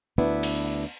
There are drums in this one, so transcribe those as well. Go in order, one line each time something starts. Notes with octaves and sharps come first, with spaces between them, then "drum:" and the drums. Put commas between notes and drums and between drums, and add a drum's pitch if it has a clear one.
D2 B3 D4 E4
drum: cymbal